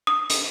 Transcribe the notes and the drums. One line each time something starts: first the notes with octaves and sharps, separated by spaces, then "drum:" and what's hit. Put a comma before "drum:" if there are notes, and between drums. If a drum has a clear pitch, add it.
D#6
drum: hi-hat